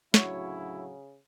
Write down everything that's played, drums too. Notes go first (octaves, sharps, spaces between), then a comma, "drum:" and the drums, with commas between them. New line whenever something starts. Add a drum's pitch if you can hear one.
D2 A2 C#3 F#3 E4 F#4 C#5, drum: snare